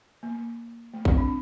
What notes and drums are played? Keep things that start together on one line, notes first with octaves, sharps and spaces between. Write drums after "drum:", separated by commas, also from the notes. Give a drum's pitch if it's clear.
A#3
A3
C4, drum: kick A1
D4